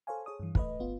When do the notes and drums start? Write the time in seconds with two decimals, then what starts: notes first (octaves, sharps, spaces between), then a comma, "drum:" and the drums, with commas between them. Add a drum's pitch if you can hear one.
0.07 A4 C5 C#5 F5 G#5
0.26 G#4 C#5 D#6
0.40 G2 E3
0.55 A3 B4 D#5, drum: kick
0.80 G1 B3 F4